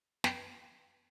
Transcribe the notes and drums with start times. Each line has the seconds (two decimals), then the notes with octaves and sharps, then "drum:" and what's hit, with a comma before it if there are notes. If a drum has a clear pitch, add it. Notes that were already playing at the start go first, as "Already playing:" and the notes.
0.24 F#2 B3 B4 G5 G#6 D7, drum: snare